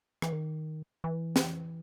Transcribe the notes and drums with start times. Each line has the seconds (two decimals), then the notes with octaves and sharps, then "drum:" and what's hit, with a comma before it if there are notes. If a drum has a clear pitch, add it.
0.22 E3, drum: rim click
0.32 D#3
1.04 E3
1.36 drum: snare